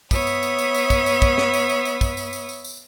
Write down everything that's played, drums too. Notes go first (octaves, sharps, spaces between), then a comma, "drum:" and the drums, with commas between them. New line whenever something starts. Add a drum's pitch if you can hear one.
B3 C#5 E5 B5 D#6, drum: kick, tambourine
drum: tambourine
drum: tambourine
drum: tambourine
drum: tambourine
drum: kick, tambourine
drum: tambourine
drum: kick, tambourine
drum: snare
drum: tambourine
drum: tambourine
drum: tambourine
drum: kick, tambourine
drum: tambourine
drum: tambourine
drum: tambourine
drum: tambourine